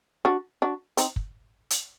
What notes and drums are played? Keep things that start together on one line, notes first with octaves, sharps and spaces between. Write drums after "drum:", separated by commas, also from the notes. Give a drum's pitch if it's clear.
D4 F#4
D4 F#4
C4 D#4, drum: hi-hat
drum: kick
drum: hi-hat